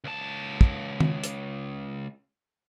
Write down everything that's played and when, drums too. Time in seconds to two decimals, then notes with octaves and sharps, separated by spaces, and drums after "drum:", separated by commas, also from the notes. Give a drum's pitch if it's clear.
0.04 C#2 A5
0.61 drum: kick
1.00 drum: tom D#3
1.24 drum: hi-hat